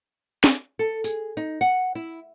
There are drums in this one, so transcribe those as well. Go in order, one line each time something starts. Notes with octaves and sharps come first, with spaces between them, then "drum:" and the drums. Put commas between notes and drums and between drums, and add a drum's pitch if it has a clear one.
drum: snare
A4
G#4, drum: tambourine
D#4
F#5
E4